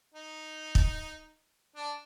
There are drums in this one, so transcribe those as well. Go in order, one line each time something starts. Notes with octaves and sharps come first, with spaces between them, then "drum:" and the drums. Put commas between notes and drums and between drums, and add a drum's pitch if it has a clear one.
D#4
drum: kick
D4